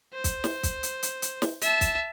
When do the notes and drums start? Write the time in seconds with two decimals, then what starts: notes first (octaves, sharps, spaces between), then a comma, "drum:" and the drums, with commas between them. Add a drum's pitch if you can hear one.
0.13 C5
0.24 drum: kick, hi-hat
0.44 drum: snare
0.63 drum: kick, hi-hat
0.83 drum: hi-hat
1.03 drum: hi-hat
1.22 drum: hi-hat
1.42 drum: snare
1.61 E5 A5, drum: hi-hat
1.81 drum: kick, hi-hat